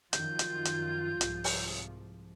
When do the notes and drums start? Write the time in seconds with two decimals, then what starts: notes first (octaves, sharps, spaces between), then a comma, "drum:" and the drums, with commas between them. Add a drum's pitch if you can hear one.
0.13 F#2 D#3 F3 F4 G6, drum: hi-hat
0.39 drum: hi-hat
0.65 drum: hi-hat
1.21 C2 G#2 F3, drum: hi-hat
1.44 drum: open hi-hat